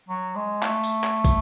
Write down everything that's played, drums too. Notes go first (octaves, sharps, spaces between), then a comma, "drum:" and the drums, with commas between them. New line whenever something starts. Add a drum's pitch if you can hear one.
F#3
G#3
A3, drum: clap
drum: tambourine
drum: clap
drum: kick, tambourine